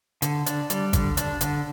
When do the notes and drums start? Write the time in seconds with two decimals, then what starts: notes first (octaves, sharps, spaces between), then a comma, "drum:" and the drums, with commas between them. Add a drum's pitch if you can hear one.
0.22 D3, drum: hi-hat
0.46 D4, drum: hi-hat
0.70 G3, drum: hi-hat
0.93 D3, drum: kick G#1, hi-hat
1.17 D4, drum: hi-hat
1.41 D3, drum: hi-hat